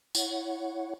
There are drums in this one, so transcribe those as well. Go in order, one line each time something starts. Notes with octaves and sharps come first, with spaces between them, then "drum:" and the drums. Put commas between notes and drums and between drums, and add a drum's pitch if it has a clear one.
E4 C#5 F#5, drum: tambourine